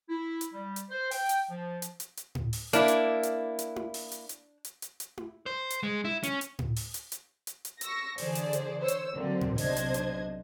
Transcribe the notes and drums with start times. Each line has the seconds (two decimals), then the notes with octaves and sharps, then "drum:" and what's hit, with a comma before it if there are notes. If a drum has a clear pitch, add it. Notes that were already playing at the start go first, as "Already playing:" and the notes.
0.09 E4
0.41 drum: hi-hat
0.54 G3
0.76 drum: hi-hat
0.90 C5
1.11 G5, drum: open hi-hat
1.29 drum: hi-hat
1.51 F3
1.82 drum: hi-hat
2.00 drum: hi-hat
2.17 drum: hi-hat
2.35 drum: tom A2
2.53 drum: open hi-hat
2.73 A#3 D4 E4, drum: hi-hat
2.88 drum: hi-hat
3.23 drum: hi-hat
3.59 drum: hi-hat
3.76 drum: tom E4
3.94 drum: open hi-hat
4.12 drum: hi-hat
4.29 drum: hi-hat
4.65 drum: hi-hat
4.82 drum: hi-hat
5.00 drum: hi-hat
5.18 drum: tom E4
5.46 C5
5.70 drum: hi-hat
5.83 G#3
6.05 E4
6.23 C#4, drum: hi-hat
6.41 drum: hi-hat
6.59 drum: tom A2
6.76 drum: open hi-hat
6.94 drum: hi-hat
7.12 drum: hi-hat
7.47 drum: hi-hat
7.65 drum: hi-hat
7.81 C#6 E6 A#6, drum: hi-hat
8.18 D3 E3 G#4 C5 D5, drum: open hi-hat
8.35 drum: hi-hat
8.53 drum: hi-hat
8.79 C5 C#5 E6
8.88 drum: hi-hat
9.16 D3 F#3 A#3 C4
9.41 drum: tom A2
9.58 B1 C3 D4 C5 D#5 G#6, drum: open hi-hat
9.77 drum: hi-hat
9.94 drum: hi-hat